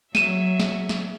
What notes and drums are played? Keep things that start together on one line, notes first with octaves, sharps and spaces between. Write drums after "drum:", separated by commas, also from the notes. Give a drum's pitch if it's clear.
F#3 E5 D#7 E7, drum: snare
drum: snare
drum: snare